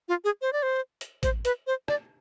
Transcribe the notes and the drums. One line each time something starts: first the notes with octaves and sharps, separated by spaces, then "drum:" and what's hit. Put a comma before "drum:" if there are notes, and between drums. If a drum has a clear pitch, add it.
F4
G#4
C5
D5
C5
drum: hi-hat
C5, drum: kick A1, hi-hat
B4, drum: hi-hat
C5
D5, drum: rim click